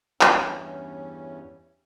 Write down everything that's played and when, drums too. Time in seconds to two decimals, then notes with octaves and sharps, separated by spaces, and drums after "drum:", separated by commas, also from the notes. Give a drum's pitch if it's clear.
0.21 E2 G2 C#4, drum: clap